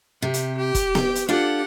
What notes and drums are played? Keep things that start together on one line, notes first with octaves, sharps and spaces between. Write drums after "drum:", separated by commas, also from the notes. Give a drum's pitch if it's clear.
C3 G4
drum: hi-hat
G4
drum: kick, hi-hat
G5, drum: snare B3
drum: hi-hat
D4 F4 G4 A4 F#5